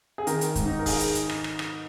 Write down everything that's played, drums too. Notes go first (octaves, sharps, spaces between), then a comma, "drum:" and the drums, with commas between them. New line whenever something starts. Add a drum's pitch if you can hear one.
G#4
D#3 A#4, drum: hi-hat
drum: hi-hat
G#2, drum: kick, hi-hat
D#4
A#4
G#4, drum: kick, open hi-hat
drum: hi-hat
drum: hi-hat
drum: rim click
drum: rim click
drum: rim click